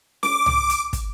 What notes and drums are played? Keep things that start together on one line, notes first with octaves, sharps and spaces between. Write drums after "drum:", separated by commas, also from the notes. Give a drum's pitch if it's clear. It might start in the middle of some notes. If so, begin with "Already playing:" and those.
D6, drum: snare C#4
drum: tom C2
drum: hi-hat
drum: kick, hi-hat